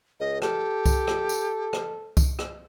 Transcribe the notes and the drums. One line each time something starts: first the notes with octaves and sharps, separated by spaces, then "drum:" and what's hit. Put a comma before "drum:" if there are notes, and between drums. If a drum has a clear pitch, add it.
C#2 D#5
G4 A4, drum: rim click
drum: kick C2, tambourine
drum: rim click
drum: tambourine
drum: rim click
drum: kick C2, tambourine
drum: rim click